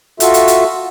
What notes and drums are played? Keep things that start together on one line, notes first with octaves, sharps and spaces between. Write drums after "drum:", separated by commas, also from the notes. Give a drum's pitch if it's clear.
F4 F#4 A4 E5, drum: hi-hat
drum: hi-hat
drum: hi-hat